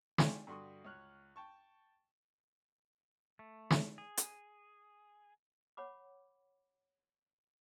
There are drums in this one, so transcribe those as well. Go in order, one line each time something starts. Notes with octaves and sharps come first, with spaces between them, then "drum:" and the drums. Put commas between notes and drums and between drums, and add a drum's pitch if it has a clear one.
D5 F5 G5 G#5 C6 C#6, drum: snare
G2 D3 F#4 C6 C#6 D#6
C#2 C#5 F6 F#6
G5 A5 C#6
A3
drum: snare
G#4
drum: hi-hat
C#5 F#5 B5 D6